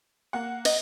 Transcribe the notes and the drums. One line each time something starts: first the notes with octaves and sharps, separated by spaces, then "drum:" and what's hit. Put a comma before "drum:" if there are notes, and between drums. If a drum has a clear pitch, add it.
A#3 F#5
D#5, drum: cymbal